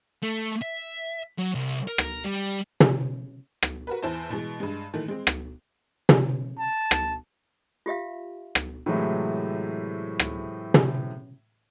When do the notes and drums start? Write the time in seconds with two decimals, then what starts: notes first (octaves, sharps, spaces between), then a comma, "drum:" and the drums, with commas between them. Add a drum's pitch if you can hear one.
0.22 A3
0.61 E5
1.38 F#3
1.55 C2
1.88 A#4
1.98 drum: rim click
2.24 G3
2.80 drum: tom
3.63 drum: rim click
3.87 F#4 A#4 B4
4.03 E2 E4 C5 A5
4.30 B2 E3 G#3
4.60 G2 G#3
4.94 A#2 D#3 E3 A3
5.08 G#3 C4
5.27 drum: rim click
6.09 drum: tom
6.59 A5
6.91 drum: rim click
7.86 F4 G4 E5 F5
8.55 drum: rim click
8.86 A2 C3 E3 F#3 G#3 A3
10.19 drum: rim click
10.74 drum: tom